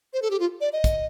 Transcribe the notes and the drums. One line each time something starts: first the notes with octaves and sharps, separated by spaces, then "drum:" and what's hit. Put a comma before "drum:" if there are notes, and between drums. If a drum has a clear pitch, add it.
C5
A4
G4
F4
D5
D#5
drum: kick, hi-hat